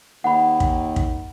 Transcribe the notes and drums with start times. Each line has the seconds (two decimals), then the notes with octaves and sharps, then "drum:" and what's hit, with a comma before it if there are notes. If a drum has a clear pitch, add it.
0.24 D#2 F#5 B5
0.60 drum: kick
0.96 drum: kick